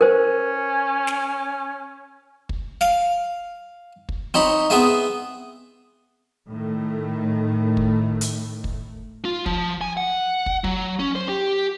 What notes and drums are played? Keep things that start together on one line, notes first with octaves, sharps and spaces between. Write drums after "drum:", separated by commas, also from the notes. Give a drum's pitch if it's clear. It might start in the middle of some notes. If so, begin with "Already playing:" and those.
C#4 A#4 C5
drum: snare
drum: kick
F5, drum: snare
drum: kick
C4 D#4 C#5 B5
B3 C4 G#4 E5
A2 D#3 A3
drum: kick
drum: hi-hat
drum: kick
F4
F3, drum: kick
G#5
F#5
drum: kick
F#3, drum: kick
C#4
C5
G4